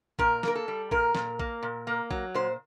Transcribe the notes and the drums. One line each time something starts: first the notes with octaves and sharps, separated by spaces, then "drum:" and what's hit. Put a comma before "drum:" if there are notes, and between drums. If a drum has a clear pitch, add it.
A#2 A#4, drum: kick A#1
A#3 A#4, drum: snare
A4
G3
A#2 A#4, drum: kick A#1
A#2, drum: snare
A#3, drum: kick A#1
A#2
A#3
F#3, drum: kick A#1
A#2 C5